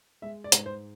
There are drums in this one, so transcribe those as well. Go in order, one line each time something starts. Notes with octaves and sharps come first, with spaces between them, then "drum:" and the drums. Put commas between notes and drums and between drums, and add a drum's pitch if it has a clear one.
G#3 E5
D5
G#2, drum: hi-hat
C5